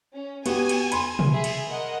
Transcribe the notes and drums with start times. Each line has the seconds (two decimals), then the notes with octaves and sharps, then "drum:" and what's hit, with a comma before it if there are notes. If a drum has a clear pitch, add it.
0.12 C#4
0.46 B3 F#4 G4 G#5, drum: cymbal
0.69 drum: cymbal
0.92 B5 C6, drum: cymbal
1.19 drum: tom
1.32 G#4 E5
1.44 drum: cymbal
1.69 A#4 D#5 F#5